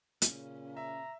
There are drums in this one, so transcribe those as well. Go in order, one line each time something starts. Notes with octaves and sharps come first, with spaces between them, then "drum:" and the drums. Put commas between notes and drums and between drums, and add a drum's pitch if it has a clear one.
A#2 C#3 C#4, drum: hi-hat
E5 A#5